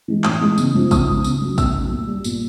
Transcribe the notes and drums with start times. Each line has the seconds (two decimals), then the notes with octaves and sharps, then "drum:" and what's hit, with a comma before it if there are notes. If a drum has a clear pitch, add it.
0.08 E3 G#3
0.24 A2 D#6, drum: clap
0.41 E3 G#3
0.58 C#3, drum: tambourine
0.75 F3 G#3
0.91 C#3 D#6, drum: kick, tambourine
1.08 F3 G#3
1.24 C#3, drum: tambourine
1.41 F#3 A3
1.58 C#3 E6, drum: kick, tambourine
1.75 F#3 A3
1.91 A#2
2.07 G3
2.24 A#2, drum: tambourine